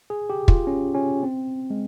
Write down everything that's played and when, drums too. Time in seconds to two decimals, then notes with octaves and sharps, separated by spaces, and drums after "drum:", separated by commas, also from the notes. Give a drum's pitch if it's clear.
0.10 G#4
0.30 G4
0.48 F4, drum: kick
0.67 C#4
0.95 C#4
1.23 C4
1.70 G#3